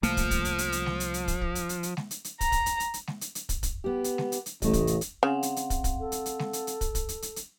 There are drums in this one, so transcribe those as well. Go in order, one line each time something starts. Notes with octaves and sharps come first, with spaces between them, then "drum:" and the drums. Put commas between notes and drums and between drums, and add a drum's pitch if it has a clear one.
C2 F3 A3 A#3, drum: hi-hat
drum: kick, hi-hat
drum: kick, hi-hat
drum: hi-hat
drum: hi-hat
drum: hi-hat
drum: snare G#3
drum: hi-hat
drum: hi-hat
drum: kick, hi-hat
drum: kick
drum: hi-hat
drum: hi-hat
drum: hi-hat
drum: snare G#3
drum: hi-hat
drum: hi-hat
A#5, drum: kick, hi-hat
drum: kick, hi-hat
drum: hi-hat
drum: hi-hat
drum: hi-hat
drum: snare G#3
drum: hi-hat
drum: hi-hat
drum: kick, hi-hat
drum: kick, hi-hat
B3 G4
drum: hi-hat
drum: snare G#3
drum: hi-hat
drum: hi-hat
A1 C3 A3 D#5, drum: kick, hi-hat
drum: kick, hi-hat
drum: hi-hat
drum: hi-hat
C#3 C4 F5 F#5
drum: hi-hat
drum: hi-hat
drum: kick, hi-hat
drum: kick, hi-hat
A4
drum: hi-hat
drum: hi-hat
drum: snare G#3
drum: hi-hat
drum: hi-hat
drum: kick, hi-hat
drum: kick, hi-hat
drum: hi-hat
drum: hi-hat
drum: hi-hat